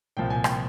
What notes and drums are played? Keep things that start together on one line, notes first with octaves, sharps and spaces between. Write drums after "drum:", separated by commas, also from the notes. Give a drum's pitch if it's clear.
C2 A#2 F3 G5
G#5
G5, drum: rim click